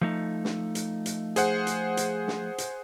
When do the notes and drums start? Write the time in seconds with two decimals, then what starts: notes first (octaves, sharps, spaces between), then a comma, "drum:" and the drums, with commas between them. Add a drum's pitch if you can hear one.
0.01 F3 A3 D#4
0.45 drum: snare
0.75 drum: hi-hat
1.06 drum: hi-hat
1.36 G#4 C5 F#5, drum: hi-hat
1.67 drum: hi-hat
1.97 drum: hi-hat
2.28 drum: snare
2.58 drum: hi-hat